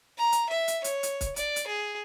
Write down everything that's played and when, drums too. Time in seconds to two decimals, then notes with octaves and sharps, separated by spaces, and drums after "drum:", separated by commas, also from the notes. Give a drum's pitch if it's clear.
0.18 A#5
0.32 drum: hi-hat
0.50 E5
0.68 drum: hi-hat
0.84 C#5, drum: hi-hat
1.03 drum: hi-hat
1.21 drum: kick, hi-hat
1.36 D5, drum: hi-hat
1.56 drum: hi-hat
1.67 G#4